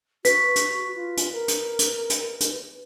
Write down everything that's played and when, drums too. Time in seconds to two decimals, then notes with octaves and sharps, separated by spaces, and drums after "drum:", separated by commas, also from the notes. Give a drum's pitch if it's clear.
0.25 F#4 B4, drum: hi-hat
0.56 drum: hi-hat
0.95 F4
1.17 drum: hi-hat
1.33 A#4
1.48 drum: hi-hat
1.79 drum: hi-hat
2.10 drum: hi-hat
2.40 drum: hi-hat